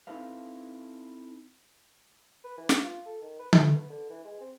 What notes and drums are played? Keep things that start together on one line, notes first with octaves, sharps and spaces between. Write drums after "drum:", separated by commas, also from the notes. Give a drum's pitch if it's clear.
C4 D#4 E4 A4 B4 F5
B4
E3
drum: snare
F4
A4
D#3
B4
A3, drum: tom D3
B3
D3
E3
G#3
C4